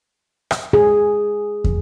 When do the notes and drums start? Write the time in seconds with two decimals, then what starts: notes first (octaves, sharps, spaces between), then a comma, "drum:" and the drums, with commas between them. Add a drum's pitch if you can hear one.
0.51 drum: rim click
0.73 G#4
1.64 drum: kick